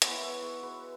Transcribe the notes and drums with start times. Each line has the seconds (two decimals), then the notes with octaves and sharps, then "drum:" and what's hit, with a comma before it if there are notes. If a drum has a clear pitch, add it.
0.02 G#3 B3 E4 C#5 F#5, drum: hi-hat
0.22 B4 E5
0.42 G#4 C#5
0.62 F#4 B4